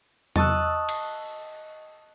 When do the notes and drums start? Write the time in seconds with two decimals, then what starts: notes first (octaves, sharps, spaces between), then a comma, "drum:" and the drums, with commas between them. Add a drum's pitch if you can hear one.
0.36 D#5 A5 C#6 D#6 E6 F#6, drum: tom
0.89 drum: cymbal